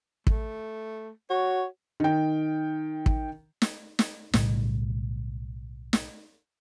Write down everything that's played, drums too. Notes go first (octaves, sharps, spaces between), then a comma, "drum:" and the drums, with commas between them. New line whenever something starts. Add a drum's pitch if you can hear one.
A3, drum: kick
F#4 C#5
D#3 G5
drum: kick
drum: snare
drum: snare
B1 A2 C#3 G3, drum: snare
drum: snare